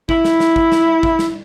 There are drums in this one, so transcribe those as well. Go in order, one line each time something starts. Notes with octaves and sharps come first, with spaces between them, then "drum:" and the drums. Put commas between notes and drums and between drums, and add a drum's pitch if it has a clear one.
E4, drum: kick
drum: snare
drum: snare
drum: kick
drum: snare
drum: kick
drum: snare